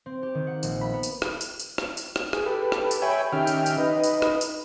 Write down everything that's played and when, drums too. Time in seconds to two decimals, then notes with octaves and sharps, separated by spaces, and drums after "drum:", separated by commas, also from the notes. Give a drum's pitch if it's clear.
0.06 C4
0.23 G4
0.35 D#3
0.47 F#5
0.63 A#1, drum: tambourine
0.81 B5
0.93 B3
1.03 drum: tambourine
1.22 drum: rim click
1.41 drum: tambourine
1.60 drum: tambourine
1.78 drum: rim click
1.97 drum: tambourine
2.16 drum: rim click
2.33 G#4, drum: rim click
2.46 G4 A4 B4
2.72 drum: rim click
2.91 drum: tambourine
3.02 C#5 E5 G5 G#5 B5
3.32 D#3 C#4 G4 E5 G5 F6
3.47 drum: tambourine
3.66 drum: tambourine
3.78 D#4 B4 D#5
4.03 drum: tambourine
4.22 drum: rim click
4.41 drum: tambourine